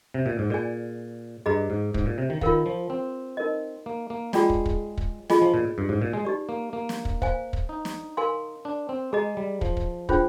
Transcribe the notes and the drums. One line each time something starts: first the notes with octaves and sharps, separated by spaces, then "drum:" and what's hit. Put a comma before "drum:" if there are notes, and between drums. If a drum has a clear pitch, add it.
C3
A#2
G#2
A#2 G#4 D5 G#5
G2 G#4 D#5 A#5
G#2
G#2, drum: kick
A#2
C3
D#3
D#3 F4 A#4 F5, drum: kick
F3
C4
D#4 A#4 D#5
A#3
A#3
G#3 F4 G#4 D5 G5 A#5, drum: snare
drum: kick
drum: kick
drum: kick
F4 G#4 D#5 G#5, drum: snare
F3
A#2
G2
G#2
A#2
G#3
D#4 G4 D5
A#3
A#3
drum: snare
drum: kick
C5 F5 G#5, drum: kick
drum: kick
D#4
drum: snare
A#4 F5 G#5 C6
D4
C4
G#3 G#4 D#5 A#5
G3
F3, drum: kick
drum: kick
D4 F4 G#4 C5 G5, drum: kick